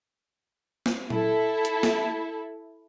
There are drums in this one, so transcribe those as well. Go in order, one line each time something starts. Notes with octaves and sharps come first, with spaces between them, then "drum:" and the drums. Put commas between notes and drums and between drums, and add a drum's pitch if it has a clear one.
drum: snare
E4 A4, drum: tom
drum: hi-hat
drum: snare